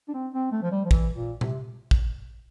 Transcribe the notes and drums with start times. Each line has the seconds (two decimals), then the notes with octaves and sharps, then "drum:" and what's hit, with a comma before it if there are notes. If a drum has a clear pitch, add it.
0.08 D4
0.14 C4
0.34 C4
0.52 A3
0.63 F3
0.72 G3
0.85 F3
0.91 E3, drum: kick
1.15 A#2
1.41 C3, drum: tom A#2
1.91 drum: kick